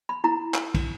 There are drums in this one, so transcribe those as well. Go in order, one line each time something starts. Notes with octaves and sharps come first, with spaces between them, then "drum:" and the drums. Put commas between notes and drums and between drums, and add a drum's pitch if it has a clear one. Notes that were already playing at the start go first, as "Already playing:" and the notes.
B5
E4 A#5
drum: clap
drum: kick, cymbal